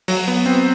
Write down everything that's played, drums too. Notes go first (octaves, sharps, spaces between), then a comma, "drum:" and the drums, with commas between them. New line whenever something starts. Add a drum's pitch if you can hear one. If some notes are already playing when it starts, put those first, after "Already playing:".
F#3, drum: open hi-hat
B3
C4